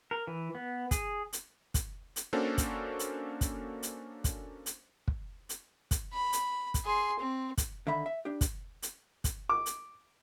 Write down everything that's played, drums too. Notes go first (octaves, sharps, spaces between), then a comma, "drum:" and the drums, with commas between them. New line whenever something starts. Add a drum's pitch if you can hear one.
A#4
E3
B3
G#4, drum: kick, hi-hat
drum: hi-hat
drum: kick, hi-hat
drum: hi-hat
A#3 C#4 D4 F#4 A4 C5
drum: kick, hi-hat
drum: hi-hat
drum: kick, hi-hat
drum: hi-hat
drum: kick, hi-hat
drum: hi-hat
drum: kick
drum: hi-hat
drum: kick, hi-hat
B5
drum: hi-hat
drum: kick, hi-hat
G#4 C6
C4
drum: kick, hi-hat
D3 D#3 E5 B5
E5
D4 G4
drum: kick, hi-hat
drum: hi-hat
drum: kick, hi-hat
D6
drum: hi-hat